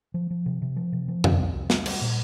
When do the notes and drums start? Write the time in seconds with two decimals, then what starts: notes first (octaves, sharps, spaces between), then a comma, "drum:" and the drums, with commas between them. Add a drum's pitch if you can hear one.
0.14 F3
0.30 F3
0.46 C3
0.62 C3
0.76 F3
0.92 C3
1.08 F3
1.24 C3, drum: tom F2
1.39 C2
1.55 C2
1.70 G3, drum: snare
1.86 G3, drum: cymbal
2.01 A#2